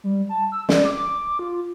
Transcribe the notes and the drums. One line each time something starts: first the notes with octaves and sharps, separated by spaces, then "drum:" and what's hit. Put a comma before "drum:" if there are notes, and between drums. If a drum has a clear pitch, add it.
G3
A5
E6
D5, drum: snare
D6
F4